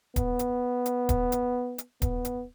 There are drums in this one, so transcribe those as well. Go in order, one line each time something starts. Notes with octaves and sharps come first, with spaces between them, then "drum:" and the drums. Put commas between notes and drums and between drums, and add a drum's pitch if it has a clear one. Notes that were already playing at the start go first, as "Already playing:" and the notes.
B3, drum: kick D#1, hi-hat
drum: hi-hat
drum: hi-hat
drum: kick D#1, hi-hat
drum: hi-hat
drum: hi-hat
B3, drum: kick D#1, hi-hat
drum: hi-hat